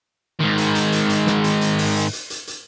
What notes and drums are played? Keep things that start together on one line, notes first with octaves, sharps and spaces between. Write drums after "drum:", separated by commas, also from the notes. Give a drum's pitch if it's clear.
G#2 D#3
drum: hi-hat
drum: hi-hat
drum: hi-hat
drum: hi-hat
drum: snare
drum: hi-hat
drum: hi-hat
drum: open hi-hat
drum: hi-hat
drum: hi-hat
drum: hi-hat
drum: hi-hat